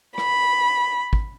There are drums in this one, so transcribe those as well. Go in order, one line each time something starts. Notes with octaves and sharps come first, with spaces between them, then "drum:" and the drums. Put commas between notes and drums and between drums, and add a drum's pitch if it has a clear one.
B5, drum: rim click
drum: kick